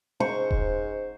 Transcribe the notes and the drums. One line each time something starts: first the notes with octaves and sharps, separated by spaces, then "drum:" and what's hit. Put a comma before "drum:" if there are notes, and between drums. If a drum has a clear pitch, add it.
G#2 C5 C#6
drum: kick E1